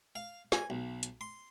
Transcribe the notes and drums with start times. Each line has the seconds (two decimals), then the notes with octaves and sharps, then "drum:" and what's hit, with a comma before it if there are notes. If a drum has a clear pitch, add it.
0.15 F5
0.52 G#5, drum: snare
0.70 B1
1.03 drum: hi-hat
1.21 C6